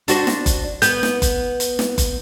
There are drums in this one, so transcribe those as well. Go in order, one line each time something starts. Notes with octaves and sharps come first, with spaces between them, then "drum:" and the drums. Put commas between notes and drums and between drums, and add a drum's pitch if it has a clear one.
D4 F#4 C5, drum: hi-hat
drum: snare
drum: kick F#1, hi-hat
B3 G6, drum: hi-hat
drum: snare
drum: kick F#1, hi-hat
drum: hi-hat
drum: snare
drum: kick F#1, hi-hat